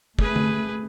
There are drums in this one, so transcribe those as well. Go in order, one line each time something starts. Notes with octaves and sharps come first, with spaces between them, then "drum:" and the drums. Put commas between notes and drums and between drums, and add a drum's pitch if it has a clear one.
A3 G#4 B4, drum: kick
drum: tom D3